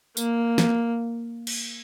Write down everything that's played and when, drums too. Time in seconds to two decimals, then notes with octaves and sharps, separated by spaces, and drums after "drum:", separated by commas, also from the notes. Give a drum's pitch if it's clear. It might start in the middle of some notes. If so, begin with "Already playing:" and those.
0.17 A#3, drum: tambourine
0.58 drum: snare
1.47 drum: cymbal